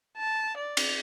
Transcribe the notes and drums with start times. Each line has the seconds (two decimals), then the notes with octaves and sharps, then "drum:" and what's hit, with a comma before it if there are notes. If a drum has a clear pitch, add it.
0.17 A5
0.57 D5
0.77 drum: cymbal